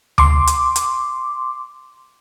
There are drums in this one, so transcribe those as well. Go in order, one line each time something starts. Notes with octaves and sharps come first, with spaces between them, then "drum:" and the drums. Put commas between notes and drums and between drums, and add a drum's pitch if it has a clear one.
C6 D6, drum: tom D2
drum: hi-hat
drum: hi-hat